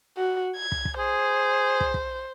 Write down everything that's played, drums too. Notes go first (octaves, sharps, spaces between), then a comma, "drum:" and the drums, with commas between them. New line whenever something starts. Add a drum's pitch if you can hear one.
F#4
G#6
drum: kick
drum: kick
G#4 C5
drum: kick
drum: kick